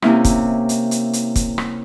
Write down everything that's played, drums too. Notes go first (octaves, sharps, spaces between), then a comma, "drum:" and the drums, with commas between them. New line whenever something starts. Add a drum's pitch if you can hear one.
C3 A#3 C#4 E4, drum: rim click
drum: kick, hi-hat
drum: hi-hat
drum: hi-hat
drum: hi-hat
drum: kick, hi-hat
drum: rim click